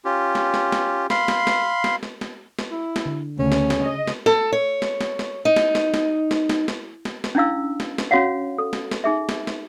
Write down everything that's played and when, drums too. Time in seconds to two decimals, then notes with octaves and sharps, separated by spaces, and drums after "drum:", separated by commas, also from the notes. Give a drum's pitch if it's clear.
0.05 C#4 F4 G4
0.35 drum: snare
0.54 drum: snare
0.72 drum: snare
1.10 F5 B5 C6, drum: snare
1.28 drum: snare
1.47 drum: snare
1.84 drum: snare
2.03 drum: snare
2.21 drum: snare
2.59 drum: snare
2.71 E4
2.96 drum: snare
3.06 D3
3.39 D2 C#3 C#4
3.52 drum: snare
3.70 drum: snare
3.83 D#5
4.08 drum: snare
4.26 A4, drum: snare
4.52 C#5
4.82 drum: snare
5.01 drum: snare
5.19 drum: snare
5.45 D#4
5.56 drum: snare
5.75 drum: snare
5.94 drum: snare
6.31 drum: snare
6.50 drum: snare
6.68 drum: snare
7.05 drum: snare
7.24 drum: snare
7.35 C#4 D4 E4 F5 E6
7.80 drum: snare
7.98 drum: snare
8.11 C#4 F#4 C#5 F5 F#5
8.58 A4
8.73 drum: snare
8.91 drum: snare
9.04 D#4 G#4 E5
9.29 drum: snare
9.47 drum: snare